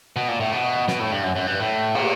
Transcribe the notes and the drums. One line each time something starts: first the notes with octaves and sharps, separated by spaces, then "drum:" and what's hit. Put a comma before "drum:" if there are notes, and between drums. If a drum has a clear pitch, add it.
B2
A#2
A2
B2
B2, drum: snare
A2
G2
F#2
F#2
G2
A2
A#2, drum: cymbal